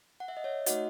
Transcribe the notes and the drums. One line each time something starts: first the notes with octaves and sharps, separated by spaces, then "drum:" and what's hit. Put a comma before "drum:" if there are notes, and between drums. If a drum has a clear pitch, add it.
F#5
E5
D#5
C#5 E5
A3 D#4 F#4 D#5 F#5, drum: hi-hat